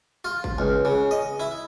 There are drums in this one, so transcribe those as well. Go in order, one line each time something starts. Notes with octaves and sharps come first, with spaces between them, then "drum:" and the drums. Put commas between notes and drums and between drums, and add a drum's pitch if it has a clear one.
F4
drum: kick
C#2
C#3
D#5
E4